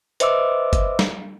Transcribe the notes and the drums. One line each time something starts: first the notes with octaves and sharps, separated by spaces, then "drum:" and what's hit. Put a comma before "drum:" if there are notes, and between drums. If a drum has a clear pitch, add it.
B4 C5 D#5 E5 D6 E6, drum: hi-hat
drum: kick, hi-hat
drum: snare